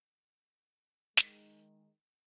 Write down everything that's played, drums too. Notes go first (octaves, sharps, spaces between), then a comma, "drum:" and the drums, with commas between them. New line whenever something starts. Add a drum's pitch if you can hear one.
D#3 G#3, drum: snare